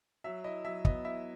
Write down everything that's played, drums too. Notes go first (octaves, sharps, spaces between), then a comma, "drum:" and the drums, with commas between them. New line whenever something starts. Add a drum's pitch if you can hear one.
F#3 E5
E4 D#5
F#3 E5
B3 D#5, drum: kick
E4 E5